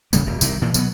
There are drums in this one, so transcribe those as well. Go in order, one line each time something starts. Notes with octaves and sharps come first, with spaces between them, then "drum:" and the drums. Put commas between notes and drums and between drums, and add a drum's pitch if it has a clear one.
G#1 C#3 G3 A#3, drum: tambourine
D#1 B2
C2 C3 D#3, drum: tambourine
A#2 E3 F3
B2 F#3 G3 B3, drum: tambourine